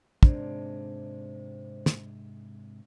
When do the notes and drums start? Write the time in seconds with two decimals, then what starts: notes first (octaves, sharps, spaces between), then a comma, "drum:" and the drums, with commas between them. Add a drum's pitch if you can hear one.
0.23 G#2 C3 G#3 D4 C5, drum: kick
1.86 drum: snare